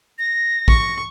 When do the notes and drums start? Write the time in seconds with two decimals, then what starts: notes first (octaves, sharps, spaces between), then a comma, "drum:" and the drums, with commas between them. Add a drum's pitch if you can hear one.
0.18 A#6
0.68 C#6, drum: kick